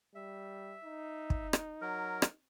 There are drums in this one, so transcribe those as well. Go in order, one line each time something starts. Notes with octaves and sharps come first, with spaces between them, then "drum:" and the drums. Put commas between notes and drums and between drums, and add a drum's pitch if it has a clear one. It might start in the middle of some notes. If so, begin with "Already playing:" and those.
G3 E5
D#4
drum: kick
drum: rim click
F#3 A#4
drum: rim click